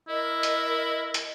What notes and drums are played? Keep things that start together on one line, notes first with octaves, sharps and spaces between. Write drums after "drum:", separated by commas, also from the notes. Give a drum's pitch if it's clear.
E4 A#4 D#5
drum: hi-hat
drum: hi-hat